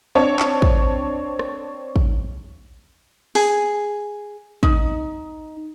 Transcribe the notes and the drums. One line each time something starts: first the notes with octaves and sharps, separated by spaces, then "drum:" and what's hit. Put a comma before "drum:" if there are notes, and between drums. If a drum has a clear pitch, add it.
C4 D4 C#5 A5
drum: clap
drum: kick
drum: rim click
drum: kick
G#4, drum: open hi-hat
D#4, drum: kick